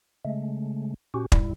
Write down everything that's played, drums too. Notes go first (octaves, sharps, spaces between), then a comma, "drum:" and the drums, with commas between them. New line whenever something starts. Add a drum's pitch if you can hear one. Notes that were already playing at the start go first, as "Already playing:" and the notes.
C#3 G#3 A3
A#2 C#4 F#4 G4
D#2 G#2 G3 E4, drum: kick